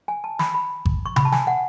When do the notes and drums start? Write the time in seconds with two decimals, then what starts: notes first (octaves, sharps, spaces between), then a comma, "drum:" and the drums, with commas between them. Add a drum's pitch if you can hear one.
0.08 G#5
0.24 A5
0.39 B5, drum: snare
0.54 B5
0.85 drum: kick G#1
1.06 C#6
1.16 B5, drum: tom C3
1.25 A5
1.32 G#5, drum: snare
1.47 F#5